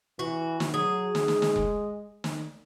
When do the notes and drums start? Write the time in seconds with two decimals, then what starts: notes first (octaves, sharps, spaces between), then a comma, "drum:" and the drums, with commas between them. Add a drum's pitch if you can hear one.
0.19 E3 F#4
0.60 drum: snare
0.73 F#3 G#4
1.15 drum: snare
1.28 G#3, drum: snare
1.42 drum: snare
1.56 drum: kick E1
2.24 drum: snare